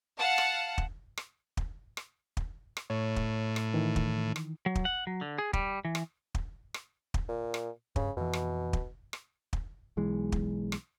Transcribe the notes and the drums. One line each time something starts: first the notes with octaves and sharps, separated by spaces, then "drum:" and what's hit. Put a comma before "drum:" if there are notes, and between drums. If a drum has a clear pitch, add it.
F5 F#5 A5
drum: rim click
drum: kick
drum: rim click
drum: kick
drum: rim click
drum: kick
drum: rim click
A2 C#5
drum: kick
drum: rim click
D#3 E3
drum: kick
drum: rim click
F#3
drum: kick
F#5
F#3
D3
G#4
G3, drum: kick
E3
drum: rim click
drum: kick
drum: rim click
drum: kick
A#2
drum: rim click
G2 C#3, drum: kick
F2 B2 E3
drum: rim click
drum: kick
drum: rim click
drum: kick
B1 E3 G#3
drum: kick
drum: rim click